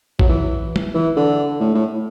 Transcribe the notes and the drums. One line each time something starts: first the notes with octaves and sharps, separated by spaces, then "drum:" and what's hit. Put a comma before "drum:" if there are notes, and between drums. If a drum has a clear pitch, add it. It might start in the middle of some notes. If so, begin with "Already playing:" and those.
F#3, drum: kick
E3
drum: tom
E3
D3
A2
A2